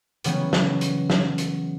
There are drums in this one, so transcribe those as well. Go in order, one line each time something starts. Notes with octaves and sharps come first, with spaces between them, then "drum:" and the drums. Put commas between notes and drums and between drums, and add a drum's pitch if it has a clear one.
C#3 E3 F#3 G3 B3 C#4, drum: hi-hat
drum: snare
drum: hi-hat
drum: snare
drum: hi-hat